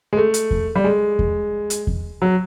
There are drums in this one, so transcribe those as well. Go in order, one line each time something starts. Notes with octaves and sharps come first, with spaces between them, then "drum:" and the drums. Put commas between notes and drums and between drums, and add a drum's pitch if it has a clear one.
G#3
A3
drum: hi-hat
drum: kick E2
G3
G#3
drum: kick E2
drum: hi-hat
drum: kick E2
F#3